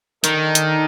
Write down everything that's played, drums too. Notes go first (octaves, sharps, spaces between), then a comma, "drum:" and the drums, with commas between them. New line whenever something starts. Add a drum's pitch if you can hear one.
D#3 D4 A4 D#5 G5, drum: hi-hat
drum: hi-hat